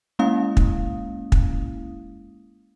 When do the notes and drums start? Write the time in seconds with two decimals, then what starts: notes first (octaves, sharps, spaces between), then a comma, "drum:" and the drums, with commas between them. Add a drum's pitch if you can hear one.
0.19 G#3 A#3 C#4 E4 F5 D#6
0.57 drum: kick
1.32 drum: kick